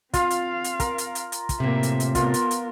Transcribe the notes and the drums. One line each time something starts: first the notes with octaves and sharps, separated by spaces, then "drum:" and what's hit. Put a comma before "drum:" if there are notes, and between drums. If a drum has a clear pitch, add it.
C4 F4 F5, drum: kick, hi-hat
drum: hi-hat
drum: hi-hat
A#4, drum: kick, hi-hat
drum: hi-hat
drum: hi-hat
drum: hi-hat
drum: kick, hi-hat
A2 C3 A#3 E5
drum: hi-hat
drum: hi-hat
B3 F4 A#4, drum: kick, hi-hat
drum: hi-hat
drum: hi-hat